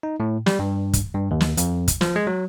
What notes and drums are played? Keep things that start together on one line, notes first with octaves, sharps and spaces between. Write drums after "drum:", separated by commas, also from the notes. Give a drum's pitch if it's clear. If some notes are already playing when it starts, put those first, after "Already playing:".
D#4
A2
G3, drum: snare
G2
drum: kick, hi-hat
G2
D#2
drum: snare
F2, drum: hi-hat
drum: kick, hi-hat
F3, drum: snare
G#3
F#3